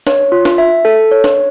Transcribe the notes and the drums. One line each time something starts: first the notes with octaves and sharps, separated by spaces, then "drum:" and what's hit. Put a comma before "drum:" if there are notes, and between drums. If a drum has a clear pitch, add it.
C#5, drum: snare
F4
drum: snare
E5
A4
C#5
drum: snare